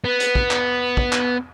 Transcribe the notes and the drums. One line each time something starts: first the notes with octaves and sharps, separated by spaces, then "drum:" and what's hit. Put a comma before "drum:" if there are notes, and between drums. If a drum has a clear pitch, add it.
B3
drum: hi-hat
drum: kick
drum: clap
drum: kick
drum: clap